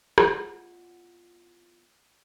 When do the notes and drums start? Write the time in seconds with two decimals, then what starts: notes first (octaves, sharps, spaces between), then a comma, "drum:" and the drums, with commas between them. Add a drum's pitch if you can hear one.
0.18 E2 F4 F#5, drum: rim click